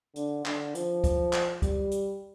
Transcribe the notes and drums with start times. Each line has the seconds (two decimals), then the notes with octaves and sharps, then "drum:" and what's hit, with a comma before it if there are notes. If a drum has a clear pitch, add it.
0.16 D3, drum: hi-hat
0.46 D3, drum: clap
0.75 F3, drum: hi-hat
1.04 drum: kick, hi-hat
1.33 drum: clap
1.62 G3, drum: kick, hi-hat
1.91 drum: hi-hat